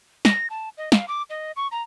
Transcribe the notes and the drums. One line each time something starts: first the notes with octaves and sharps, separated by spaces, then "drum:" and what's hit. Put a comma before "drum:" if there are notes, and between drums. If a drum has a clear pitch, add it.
A#6, drum: snare
A5
D#5
F5, drum: snare
D6
D#5
C#6
A#5